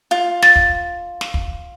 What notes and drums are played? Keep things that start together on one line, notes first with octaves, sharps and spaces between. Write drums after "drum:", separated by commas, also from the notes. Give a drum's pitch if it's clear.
F4
A6, drum: snare
drum: kick
drum: snare
drum: kick